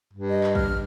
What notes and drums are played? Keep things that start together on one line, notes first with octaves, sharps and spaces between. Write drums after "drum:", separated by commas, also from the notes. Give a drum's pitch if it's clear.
G2
D#5
drum: clap
F6, drum: kick